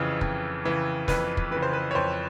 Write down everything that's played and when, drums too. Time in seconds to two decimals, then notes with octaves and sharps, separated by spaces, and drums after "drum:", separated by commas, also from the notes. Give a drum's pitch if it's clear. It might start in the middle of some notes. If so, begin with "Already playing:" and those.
Already playing: F2 C#3 E3
0.21 F2, drum: kick
0.65 C#3 E3
1.08 F2 B4, drum: snare
1.37 drum: kick
1.51 C#3 E3 B4
1.62 C5
1.73 B4
1.91 C#5
1.95 F2 C5